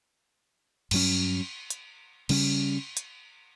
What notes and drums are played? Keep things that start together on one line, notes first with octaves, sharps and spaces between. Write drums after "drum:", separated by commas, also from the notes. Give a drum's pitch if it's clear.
G2 F#3 C#4, drum: cymbal
drum: hi-hat
C#3 G3 C#4, drum: cymbal
drum: hi-hat